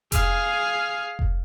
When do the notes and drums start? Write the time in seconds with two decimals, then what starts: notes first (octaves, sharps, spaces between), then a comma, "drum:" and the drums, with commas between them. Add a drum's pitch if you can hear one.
0.12 G#4 F5, drum: kick F1, hi-hat
1.19 drum: kick F1